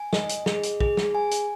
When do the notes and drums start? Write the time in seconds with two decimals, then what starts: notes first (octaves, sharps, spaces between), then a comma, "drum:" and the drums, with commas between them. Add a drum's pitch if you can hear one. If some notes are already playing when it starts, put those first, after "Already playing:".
Already playing: G#5
0.13 D#5, drum: snare
0.29 drum: hi-hat
0.46 G#4, drum: snare
0.63 drum: hi-hat
0.80 G#4, drum: kick
0.97 drum: snare
1.15 G#5
1.31 drum: hi-hat